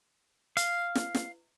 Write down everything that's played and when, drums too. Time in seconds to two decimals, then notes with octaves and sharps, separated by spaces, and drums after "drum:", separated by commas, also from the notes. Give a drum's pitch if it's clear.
0.57 F5, drum: hi-hat
0.95 drum: snare
1.15 drum: snare